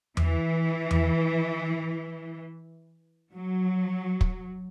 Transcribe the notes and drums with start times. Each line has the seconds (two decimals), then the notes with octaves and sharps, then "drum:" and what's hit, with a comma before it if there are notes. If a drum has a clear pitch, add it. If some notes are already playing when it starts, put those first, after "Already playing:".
0.17 E3, drum: tom E2
0.91 drum: tom E2
3.32 F#3
4.21 drum: kick